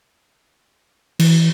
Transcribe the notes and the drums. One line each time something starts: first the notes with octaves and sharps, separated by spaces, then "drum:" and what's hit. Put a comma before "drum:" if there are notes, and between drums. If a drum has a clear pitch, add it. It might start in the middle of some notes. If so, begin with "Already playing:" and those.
E3, drum: cymbal